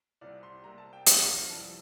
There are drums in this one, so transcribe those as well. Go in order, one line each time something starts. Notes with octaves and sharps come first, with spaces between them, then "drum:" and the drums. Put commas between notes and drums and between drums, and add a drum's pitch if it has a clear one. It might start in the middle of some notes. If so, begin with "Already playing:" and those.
C2 C3 G3 D5
C6
C3 G3 A#3 A#5
A5
G5
G2 D3 F3 A#3 D4 F5, drum: hi-hat
F5
F2 C3 E3 G3 A5